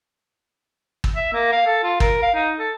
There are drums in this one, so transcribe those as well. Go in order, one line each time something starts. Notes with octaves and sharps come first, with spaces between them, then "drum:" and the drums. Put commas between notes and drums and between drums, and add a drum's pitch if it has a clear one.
drum: kick
E5
A#3
F5
A4
F4
A#4, drum: kick
F5
D#4
A4